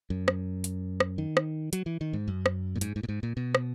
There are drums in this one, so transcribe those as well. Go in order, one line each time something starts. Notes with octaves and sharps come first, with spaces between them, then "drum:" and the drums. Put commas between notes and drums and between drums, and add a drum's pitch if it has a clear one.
F#2
drum: rim click
drum: hi-hat
drum: rim click
D#3
drum: rim click
F#3, drum: hi-hat
E3
D#3
G#2
F#2
drum: rim click
A#2
G#2, drum: hi-hat
G#2
A#2
G#2
A#2
B2
drum: rim click